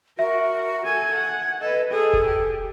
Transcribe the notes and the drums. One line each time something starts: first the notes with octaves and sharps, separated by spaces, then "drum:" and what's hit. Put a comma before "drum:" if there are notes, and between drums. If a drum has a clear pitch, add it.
F#4 A#4 E5
A4 G#5 G#6
F#5
A4 B4 D#5
G#4 A4
drum: kick F1
G4